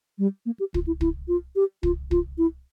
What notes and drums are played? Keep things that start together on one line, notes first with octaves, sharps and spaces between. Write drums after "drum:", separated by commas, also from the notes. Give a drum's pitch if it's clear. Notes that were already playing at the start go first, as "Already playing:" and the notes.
G3
A#3
G4
F4, drum: kick
E4
E4, drum: kick
F4
G4
F4, drum: kick
F4, drum: kick
E4